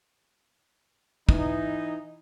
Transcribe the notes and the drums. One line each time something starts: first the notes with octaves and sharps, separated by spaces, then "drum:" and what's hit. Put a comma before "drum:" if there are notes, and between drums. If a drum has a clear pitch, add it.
E3 D#4, drum: kick